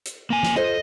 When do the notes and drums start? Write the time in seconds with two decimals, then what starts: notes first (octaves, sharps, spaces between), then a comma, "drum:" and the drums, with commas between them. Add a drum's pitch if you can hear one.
0.06 drum: hi-hat
0.30 A#3 G#5
0.43 drum: snare
0.56 F4 A4 C5 D#5